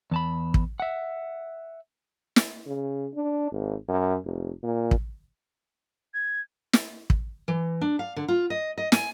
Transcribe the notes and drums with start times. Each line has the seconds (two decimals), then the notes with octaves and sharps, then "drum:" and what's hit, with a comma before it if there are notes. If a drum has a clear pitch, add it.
0.11 E2 A5 B5
0.54 drum: kick
0.80 E5 F#5
2.36 drum: snare
2.66 C#3
3.15 D4
3.52 G#1
3.88 F#2
4.25 F1
4.63 A#2
4.91 drum: kick
6.14 G#6
6.73 drum: snare
7.10 drum: kick
7.48 E3
7.81 D4
7.99 F5
8.16 D3
8.28 F4
8.50 D#5
8.78 D#5
8.92 G#5, drum: snare